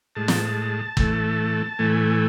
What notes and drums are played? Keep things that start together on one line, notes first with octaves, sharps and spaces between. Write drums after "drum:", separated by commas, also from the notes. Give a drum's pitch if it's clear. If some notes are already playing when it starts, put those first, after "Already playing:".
A2 G#3 A5
drum: snare
A2 E3 A3, drum: kick
A2 E3 A3 G#5